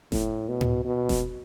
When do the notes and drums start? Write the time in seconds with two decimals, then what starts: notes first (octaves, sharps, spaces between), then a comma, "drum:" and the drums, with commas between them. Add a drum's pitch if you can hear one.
0.12 A2, drum: snare F1
0.49 B2
0.61 drum: tom A2
0.84 B2
1.09 drum: snare F1